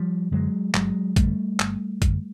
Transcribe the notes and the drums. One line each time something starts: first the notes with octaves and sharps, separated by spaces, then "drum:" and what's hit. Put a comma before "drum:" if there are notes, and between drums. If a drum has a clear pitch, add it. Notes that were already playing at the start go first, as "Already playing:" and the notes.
Already playing: F3 G3
F#2 D3 F#3 G#3
G1 F#3 G#3, drum: clap
F#2 D3 G3 A3, drum: kick, hi-hat
G1, drum: clap
F#2, drum: kick, hi-hat
D3